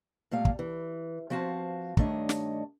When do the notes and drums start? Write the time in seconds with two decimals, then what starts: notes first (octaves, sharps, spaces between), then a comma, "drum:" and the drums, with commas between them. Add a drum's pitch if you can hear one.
0.31 A#2 G3 A3 F5
0.45 drum: kick
0.59 E3
1.30 F3 C4 F#4 F5 A5
1.97 G2 D#3 A3 D4 C#5 D#5, drum: kick
2.29 drum: snare